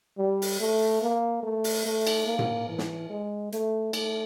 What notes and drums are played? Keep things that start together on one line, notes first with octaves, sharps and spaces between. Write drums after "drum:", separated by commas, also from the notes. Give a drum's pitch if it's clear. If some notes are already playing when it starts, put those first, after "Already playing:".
G3
drum: open hi-hat
A3
A#3
A3
drum: open hi-hat
A3
drum: cymbal
A#3
drum: tom A2
E3
drum: snare
G#3
A3, drum: hi-hat
A3, drum: cymbal